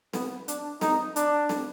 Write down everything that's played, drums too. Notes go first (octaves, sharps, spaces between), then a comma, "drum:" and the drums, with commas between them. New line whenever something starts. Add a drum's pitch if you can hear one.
B3, drum: snare
D4, drum: hi-hat
D#4, drum: snare
D4, drum: hi-hat
drum: snare